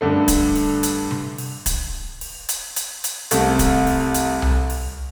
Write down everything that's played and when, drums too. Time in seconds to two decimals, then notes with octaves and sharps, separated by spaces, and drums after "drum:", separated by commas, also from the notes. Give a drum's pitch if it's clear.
0.01 G2 D3 A3
0.28 drum: kick, hi-hat
0.55 drum: open hi-hat
0.83 drum: hi-hat
1.11 drum: tom C3
1.38 drum: open hi-hat
1.66 drum: kick, hi-hat
2.21 drum: open hi-hat
2.49 drum: hi-hat
2.76 drum: hi-hat
3.04 drum: hi-hat
3.31 C2 C3 A3, drum: hi-hat
3.59 drum: kick, hi-hat
3.87 drum: open hi-hat
4.14 drum: hi-hat
4.42 drum: tom C2
4.70 drum: open hi-hat